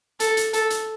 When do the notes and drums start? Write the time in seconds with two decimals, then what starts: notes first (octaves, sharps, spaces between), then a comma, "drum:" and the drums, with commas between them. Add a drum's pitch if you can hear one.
0.20 A4, drum: hi-hat
0.37 drum: hi-hat
0.53 A4, drum: hi-hat
0.70 drum: hi-hat